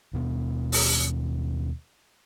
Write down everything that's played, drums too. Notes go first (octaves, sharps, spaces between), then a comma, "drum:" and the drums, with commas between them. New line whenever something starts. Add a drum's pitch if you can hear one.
D#2 B2 B3
drum: open hi-hat